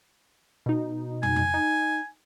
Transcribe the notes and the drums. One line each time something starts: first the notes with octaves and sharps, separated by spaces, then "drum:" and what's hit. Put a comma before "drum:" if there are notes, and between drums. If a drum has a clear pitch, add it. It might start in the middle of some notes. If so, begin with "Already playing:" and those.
B2 D#4
G#5, drum: tom
drum: tom
D#4